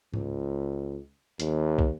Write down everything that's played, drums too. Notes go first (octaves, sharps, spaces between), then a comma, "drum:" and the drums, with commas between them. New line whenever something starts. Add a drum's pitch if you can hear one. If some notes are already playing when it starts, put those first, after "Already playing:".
C#2, drum: tom G#2
D#2, drum: hi-hat
drum: kick